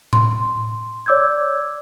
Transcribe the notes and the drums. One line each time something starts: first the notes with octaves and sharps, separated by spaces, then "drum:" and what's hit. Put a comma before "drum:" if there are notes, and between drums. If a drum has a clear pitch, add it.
C6, drum: tom A2
C#5 D5 D6 E6 G6 G#6